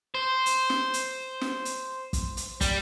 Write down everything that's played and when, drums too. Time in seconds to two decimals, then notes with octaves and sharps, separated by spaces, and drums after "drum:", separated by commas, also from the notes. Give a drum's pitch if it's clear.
0.15 C5
0.46 drum: hi-hat
0.70 drum: snare
0.94 drum: hi-hat
1.41 drum: snare
1.65 drum: hi-hat
2.13 drum: kick, hi-hat
2.37 drum: hi-hat
2.61 G3, drum: kick, hi-hat